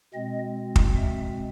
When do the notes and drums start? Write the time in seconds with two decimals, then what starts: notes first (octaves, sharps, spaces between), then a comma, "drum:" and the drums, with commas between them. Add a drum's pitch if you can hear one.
0.14 B2 G#3 C4 D#5
0.76 drum: kick
0.96 E5